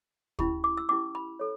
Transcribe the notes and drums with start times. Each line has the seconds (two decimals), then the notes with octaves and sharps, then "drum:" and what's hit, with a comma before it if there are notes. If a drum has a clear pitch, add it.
0.39 C#4 E4 G4 B5, drum: kick
0.64 D6
0.77 E6
0.89 C#4 E4 G4 D6
1.15 B5
1.39 A4 C#5